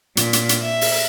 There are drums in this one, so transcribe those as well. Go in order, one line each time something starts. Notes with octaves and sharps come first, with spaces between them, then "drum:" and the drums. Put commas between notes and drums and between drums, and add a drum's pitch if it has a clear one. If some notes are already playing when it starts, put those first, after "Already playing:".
A#2, drum: hi-hat
drum: hi-hat
drum: hi-hat
E5
drum: open hi-hat